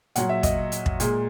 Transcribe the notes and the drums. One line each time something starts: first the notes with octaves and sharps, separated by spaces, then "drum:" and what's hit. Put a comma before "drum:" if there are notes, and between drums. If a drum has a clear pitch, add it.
A#2 F#3 F#5, drum: hi-hat
E5
D#5, drum: kick, hi-hat
drum: hi-hat
drum: kick
A#2 G#3, drum: hi-hat